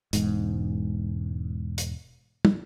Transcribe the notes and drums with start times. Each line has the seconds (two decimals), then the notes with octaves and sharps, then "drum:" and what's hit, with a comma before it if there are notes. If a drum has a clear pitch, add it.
0.13 E1 G#2, drum: hi-hat
1.78 drum: hi-hat
2.45 drum: tom